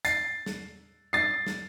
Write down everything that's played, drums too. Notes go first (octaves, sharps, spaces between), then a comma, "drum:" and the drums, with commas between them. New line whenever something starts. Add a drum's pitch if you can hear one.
A6 C7, drum: hi-hat
drum: snare
A6 C7
drum: snare